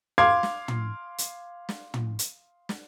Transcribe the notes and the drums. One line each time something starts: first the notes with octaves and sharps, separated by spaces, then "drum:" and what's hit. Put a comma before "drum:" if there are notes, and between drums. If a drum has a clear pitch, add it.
F5 C6 D6 G#6
drum: snare
drum: tom
drum: hi-hat
drum: snare
drum: tom
drum: hi-hat
drum: snare